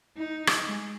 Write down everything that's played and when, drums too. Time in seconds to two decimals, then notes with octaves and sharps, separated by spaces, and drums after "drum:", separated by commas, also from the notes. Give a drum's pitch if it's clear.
0.17 D#4
0.47 drum: rim click
0.65 G#3